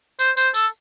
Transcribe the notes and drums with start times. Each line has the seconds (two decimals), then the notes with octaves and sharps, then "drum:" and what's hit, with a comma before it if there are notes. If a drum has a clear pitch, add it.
0.19 C5, drum: tambourine
0.37 C5, drum: tambourine
0.54 A4, drum: tambourine